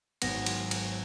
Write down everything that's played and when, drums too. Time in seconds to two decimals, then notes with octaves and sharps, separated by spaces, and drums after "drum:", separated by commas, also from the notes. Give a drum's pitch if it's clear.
0.22 G#1 G#2 F#3 B3 A#6, drum: cymbal
0.46 drum: cymbal
0.71 drum: cymbal